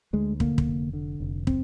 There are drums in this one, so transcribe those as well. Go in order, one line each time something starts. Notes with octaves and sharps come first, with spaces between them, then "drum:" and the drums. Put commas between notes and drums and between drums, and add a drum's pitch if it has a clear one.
D2 G#3
D3 A#3, drum: kick
drum: kick
F1
D3
F1
C4, drum: kick